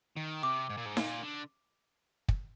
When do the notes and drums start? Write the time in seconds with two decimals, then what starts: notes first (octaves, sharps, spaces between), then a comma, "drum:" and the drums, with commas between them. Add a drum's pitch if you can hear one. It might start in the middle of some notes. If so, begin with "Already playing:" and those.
0.17 D#3
0.43 C3 D6
0.70 G#2
0.78 A#2
0.86 G#2
0.97 A#2, drum: snare D#4
1.23 D3
2.28 drum: kick